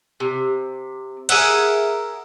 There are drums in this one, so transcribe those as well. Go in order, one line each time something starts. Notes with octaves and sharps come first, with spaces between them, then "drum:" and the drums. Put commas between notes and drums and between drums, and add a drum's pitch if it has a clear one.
C3
G#4 A#4 E5 F#5, drum: cymbal